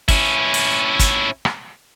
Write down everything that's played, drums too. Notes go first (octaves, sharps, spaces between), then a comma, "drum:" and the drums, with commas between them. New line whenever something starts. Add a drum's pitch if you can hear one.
C#4 E4, drum: kick, open hi-hat
drum: open hi-hat
drum: kick, hi-hat
drum: rim click